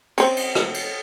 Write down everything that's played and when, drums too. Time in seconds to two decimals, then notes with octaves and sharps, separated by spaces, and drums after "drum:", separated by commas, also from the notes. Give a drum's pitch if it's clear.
0.18 C4 C#4, drum: cymbal
0.37 drum: cymbal
0.55 drum: rim click
0.74 drum: cymbal